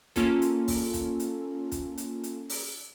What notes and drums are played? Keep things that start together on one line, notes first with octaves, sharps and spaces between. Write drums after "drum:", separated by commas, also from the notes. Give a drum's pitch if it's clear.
A#3 C#4 F4 A4, drum: kick, hi-hat
drum: hi-hat
drum: kick, open hi-hat
drum: kick, hi-hat
drum: hi-hat
drum: kick, hi-hat
drum: hi-hat
drum: hi-hat
drum: open hi-hat